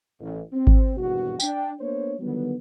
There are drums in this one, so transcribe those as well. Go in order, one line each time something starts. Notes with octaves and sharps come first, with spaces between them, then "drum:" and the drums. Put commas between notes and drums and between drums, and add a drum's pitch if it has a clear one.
A1
C4
drum: kick G#1
G#1 E2 G2 B2 F#4
D4 G5, drum: tambourine
A#3 B3 D4 C5 C#5
D3 D#3 F#3 G3 B3